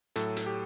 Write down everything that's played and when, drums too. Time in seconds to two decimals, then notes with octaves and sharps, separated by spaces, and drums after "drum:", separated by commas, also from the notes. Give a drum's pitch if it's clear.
0.16 A2 F#3 A4, drum: hi-hat
0.37 drum: hi-hat
0.46 G4